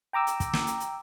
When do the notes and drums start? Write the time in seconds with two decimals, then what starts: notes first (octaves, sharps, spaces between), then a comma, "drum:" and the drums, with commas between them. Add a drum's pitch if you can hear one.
0.13 G5 A#5 D6 E6
0.27 drum: hi-hat
0.40 drum: kick, hi-hat
0.53 drum: snare
0.67 drum: hi-hat
0.80 drum: hi-hat